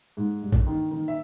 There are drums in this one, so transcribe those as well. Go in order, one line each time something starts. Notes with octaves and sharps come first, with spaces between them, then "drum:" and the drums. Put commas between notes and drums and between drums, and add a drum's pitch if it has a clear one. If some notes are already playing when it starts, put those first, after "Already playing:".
G#2
G2
drum: kick
D#3
D#3
E5